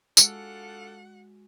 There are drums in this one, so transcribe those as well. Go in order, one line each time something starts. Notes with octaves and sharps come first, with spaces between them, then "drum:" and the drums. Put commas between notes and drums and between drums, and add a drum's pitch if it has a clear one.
G#3 D4 F4 F#4 A4 F#5, drum: tambourine